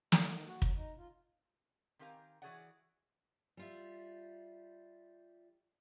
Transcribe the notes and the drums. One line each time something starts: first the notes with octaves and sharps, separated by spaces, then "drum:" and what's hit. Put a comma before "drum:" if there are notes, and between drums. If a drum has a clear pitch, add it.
G#2, drum: snare
D#3
F#4
F#3, drum: kick
D#4
F4
D#3 C4 G4 A#4 F5 G#5
E3 F#4 G#4 C#5 D5 F#5
G3 F4 E5